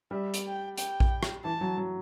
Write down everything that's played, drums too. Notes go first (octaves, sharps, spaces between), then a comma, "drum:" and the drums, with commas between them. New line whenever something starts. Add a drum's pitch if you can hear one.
G3 E5
drum: hi-hat
G5
G5, drum: hi-hat
drum: kick A#1
drum: rim click
E3 A5
F#3
F#3